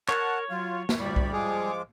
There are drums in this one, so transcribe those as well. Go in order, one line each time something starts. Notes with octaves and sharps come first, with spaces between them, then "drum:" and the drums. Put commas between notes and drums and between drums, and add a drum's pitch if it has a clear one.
A#4 C#5 F#5 A5, drum: clap
F#3 F4
drum: snare A#3
D2 G3 D5 B5
drum: kick B1
F3 G#3 G#4 D6